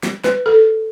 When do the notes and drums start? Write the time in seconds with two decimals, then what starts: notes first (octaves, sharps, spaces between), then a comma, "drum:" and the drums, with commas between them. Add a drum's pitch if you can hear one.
0.03 drum: snare
0.24 B4, drum: snare
0.46 A4